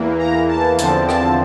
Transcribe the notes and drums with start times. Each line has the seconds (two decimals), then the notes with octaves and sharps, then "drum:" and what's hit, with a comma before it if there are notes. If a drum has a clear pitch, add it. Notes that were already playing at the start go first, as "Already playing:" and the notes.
Already playing: E2 E3 A#3
0.19 A#5
0.48 A5
0.78 E2 D3 F3 C4 A5, drum: hi-hat
1.09 A5, drum: rim click